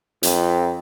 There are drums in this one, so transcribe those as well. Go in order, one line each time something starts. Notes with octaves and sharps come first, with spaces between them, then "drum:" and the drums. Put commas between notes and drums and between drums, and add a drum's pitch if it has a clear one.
F2, drum: hi-hat